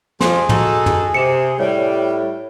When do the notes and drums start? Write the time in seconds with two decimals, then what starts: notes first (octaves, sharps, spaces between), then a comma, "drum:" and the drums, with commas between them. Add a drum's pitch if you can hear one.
0.21 F2 G#4 C6, drum: snare
0.49 D#4 F#4 A4, drum: tom
0.86 drum: tom
1.14 C3 C#7 E7
1.59 A2 G3 C#5